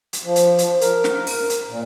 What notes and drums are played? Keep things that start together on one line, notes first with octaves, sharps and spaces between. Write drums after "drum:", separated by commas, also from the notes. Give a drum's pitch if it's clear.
drum: hi-hat
F3
drum: hi-hat
drum: hi-hat
A#4, drum: hi-hat
drum: snare
drum: open hi-hat
drum: hi-hat
A#2